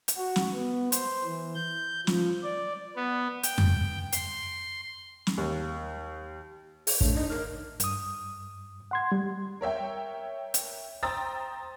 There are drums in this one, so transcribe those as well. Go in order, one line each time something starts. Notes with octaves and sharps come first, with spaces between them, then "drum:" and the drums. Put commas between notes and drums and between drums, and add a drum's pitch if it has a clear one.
drum: hi-hat
F#4
drum: snare
B3
C5, drum: hi-hat
E3
G6
F3, drum: snare
D5
B3
G5, drum: hi-hat
drum: tom F2
C6, drum: hi-hat
drum: snare
D#2
G#4, drum: open hi-hat
A3 D4 C#5, drum: kick
D4 D#4
A#4 F6
G2 D#6, drum: hi-hat
F#5 C6 G#6
G3
A#4 C#5 E5 G5
drum: hi-hat
C5 G5 A#5 D#6 E6 A6